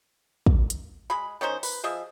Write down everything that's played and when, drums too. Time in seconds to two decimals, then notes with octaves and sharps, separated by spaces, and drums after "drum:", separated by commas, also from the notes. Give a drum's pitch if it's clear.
0.46 drum: kick
0.70 drum: hi-hat
1.10 G#3 G#4 B5
1.41 D#3 C#4 D#4 C5
1.63 B4, drum: open hi-hat
1.84 F3 G#4 D#5 E5